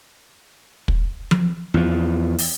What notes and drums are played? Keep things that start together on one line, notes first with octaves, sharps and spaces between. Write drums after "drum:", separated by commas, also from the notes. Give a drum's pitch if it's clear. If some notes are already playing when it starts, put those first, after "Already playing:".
drum: kick
drum: tom F3
E2 F3
drum: open hi-hat